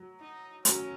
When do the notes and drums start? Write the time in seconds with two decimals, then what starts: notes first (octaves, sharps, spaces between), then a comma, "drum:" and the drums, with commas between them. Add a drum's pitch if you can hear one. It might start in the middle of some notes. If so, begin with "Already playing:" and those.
Already playing: F#3
0.21 D#4
0.65 F#3 C#4, drum: hi-hat